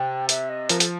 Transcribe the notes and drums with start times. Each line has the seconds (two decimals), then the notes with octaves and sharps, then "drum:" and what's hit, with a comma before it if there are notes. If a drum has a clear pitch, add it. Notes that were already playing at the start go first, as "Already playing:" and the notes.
Already playing: C3 G5
0.29 E5, drum: hi-hat
0.49 D#5
0.69 F3 A#4, drum: hi-hat
0.80 A4, drum: hi-hat